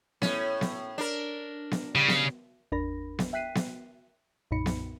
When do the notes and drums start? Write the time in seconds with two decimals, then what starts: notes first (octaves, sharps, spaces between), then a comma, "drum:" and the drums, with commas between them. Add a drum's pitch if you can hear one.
0.22 A2 C#4, drum: snare B3
0.61 drum: snare B3
0.98 D4 A#4
1.71 drum: snare B3
1.95 C#3 G3
2.08 drum: snare B3
2.72 G#1 E2 D4 A#4 B5 A#6
3.19 drum: snare B3
3.33 E5 G5 F#6 B6 C7 D#7
3.55 drum: snare B3
4.51 B1 F#2 A#2 D#4 B5 C#7
4.66 drum: snare B3